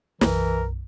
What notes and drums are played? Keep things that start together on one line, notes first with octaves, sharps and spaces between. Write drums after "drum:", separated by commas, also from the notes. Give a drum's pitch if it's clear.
B1 F#2 E3 A#4, drum: snare